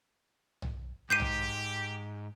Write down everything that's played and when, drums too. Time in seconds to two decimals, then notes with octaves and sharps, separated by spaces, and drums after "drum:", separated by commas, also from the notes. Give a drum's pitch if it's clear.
0.62 drum: tom
1.10 G#2 G4 G6 C7 D#7
1.20 drum: tom